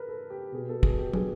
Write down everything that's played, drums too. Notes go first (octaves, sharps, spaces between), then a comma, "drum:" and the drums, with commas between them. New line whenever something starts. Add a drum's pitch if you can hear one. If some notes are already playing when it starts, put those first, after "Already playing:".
Already playing: G#4 A#4 B4
A4
G4
B2 G#4
A4
G#4, drum: kick
G4
G#4, drum: tom